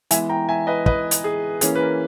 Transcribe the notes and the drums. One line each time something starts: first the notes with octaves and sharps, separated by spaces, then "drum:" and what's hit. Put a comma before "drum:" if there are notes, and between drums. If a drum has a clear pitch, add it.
E3 G#3 B3 E5 G#5, drum: hi-hat
G5 A#5
E5 G#5
B4 D#5
B4 D#5, drum: kick
drum: hi-hat
G#4
E3 A#3 C#4 G#4, drum: hi-hat
B4
A#4